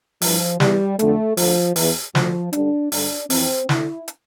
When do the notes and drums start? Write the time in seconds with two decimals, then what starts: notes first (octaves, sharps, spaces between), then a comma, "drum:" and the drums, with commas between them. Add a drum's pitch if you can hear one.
0.21 G2 E3 F3, drum: open hi-hat
0.60 E2 E3 G3, drum: snare
0.99 F2 D3 A3, drum: hi-hat
1.37 D2 D3 F3, drum: open hi-hat
1.76 E2 E3, drum: open hi-hat
2.15 D2 D3 F3, drum: snare
2.53 G2 D3 D4, drum: hi-hat
2.92 G2 D3 D4, drum: open hi-hat
3.30 F2 E3 C4, drum: open hi-hat
3.69 D2 D3 E4, drum: snare
4.08 drum: hi-hat